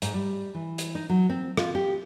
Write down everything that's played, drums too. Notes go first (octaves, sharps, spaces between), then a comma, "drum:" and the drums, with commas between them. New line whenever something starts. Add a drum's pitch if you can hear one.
G#2, drum: hi-hat
G3
E3
drum: hi-hat
D#4
F#3
C4
F4, drum: rim click
G4